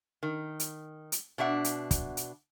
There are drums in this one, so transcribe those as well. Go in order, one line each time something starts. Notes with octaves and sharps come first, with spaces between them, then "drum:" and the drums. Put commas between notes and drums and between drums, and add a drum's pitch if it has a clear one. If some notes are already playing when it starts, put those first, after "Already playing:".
D#3
drum: hi-hat
drum: hi-hat
B2 D4 E5 F#5
drum: hi-hat
drum: kick, hi-hat
drum: hi-hat